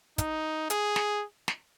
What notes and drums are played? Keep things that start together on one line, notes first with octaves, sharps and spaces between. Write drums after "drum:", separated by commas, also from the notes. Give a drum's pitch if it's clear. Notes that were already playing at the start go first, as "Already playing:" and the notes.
D#4, drum: kick, hi-hat
G#4, drum: hi-hat
drum: snare
drum: snare